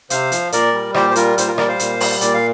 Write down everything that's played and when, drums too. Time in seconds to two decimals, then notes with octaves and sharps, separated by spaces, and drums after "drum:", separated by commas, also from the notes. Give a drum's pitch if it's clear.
0.10 C3 C5 F5, drum: hi-hat
0.32 F3, drum: hi-hat
0.52 A#2 A#4 D5, drum: hi-hat
0.73 G3
0.94 A#2 G4 C5, drum: rim click
1.10 C5
1.16 G3 F4 A#4, drum: hi-hat
1.38 A#2 C5, drum: hi-hat
1.48 F4 A#4
1.58 G3 A#4 D5, drum: rim click
1.68 C5 F5
1.79 A#2, drum: hi-hat
2.00 G3, drum: open hi-hat
2.21 A#2 D5, drum: hi-hat
2.34 F5